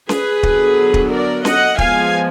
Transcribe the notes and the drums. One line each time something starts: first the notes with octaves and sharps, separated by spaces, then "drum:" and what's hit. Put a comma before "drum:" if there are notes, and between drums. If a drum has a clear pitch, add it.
G#4 B4, drum: snare C#4
D3 F#3 B3, drum: kick
drum: kick
A#4 D5
D#5 F#5, drum: snare C#4
F3 G#3 B3 F5 G#5, drum: kick